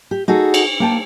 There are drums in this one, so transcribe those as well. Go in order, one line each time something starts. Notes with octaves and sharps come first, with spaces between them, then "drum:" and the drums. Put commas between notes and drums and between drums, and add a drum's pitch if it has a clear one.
G4
D#4 F#4 G#4 A4
drum: cymbal
A#3 G5 A5